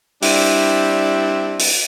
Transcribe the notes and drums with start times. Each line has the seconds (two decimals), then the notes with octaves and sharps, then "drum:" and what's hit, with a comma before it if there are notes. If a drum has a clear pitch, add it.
0.22 G3 C4 D4 E4, drum: open hi-hat
1.59 drum: open hi-hat